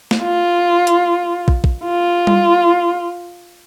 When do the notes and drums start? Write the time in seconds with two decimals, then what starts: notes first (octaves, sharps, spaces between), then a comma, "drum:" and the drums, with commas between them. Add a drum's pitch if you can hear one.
0.11 drum: snare
0.22 F4
0.87 drum: hi-hat
1.48 drum: kick
1.64 drum: kick
1.85 F4
2.27 drum: tom G3